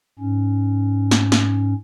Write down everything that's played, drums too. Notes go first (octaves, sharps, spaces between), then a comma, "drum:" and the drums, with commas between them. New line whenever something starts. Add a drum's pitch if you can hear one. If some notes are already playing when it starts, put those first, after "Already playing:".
G#2 C#4
drum: snare
drum: snare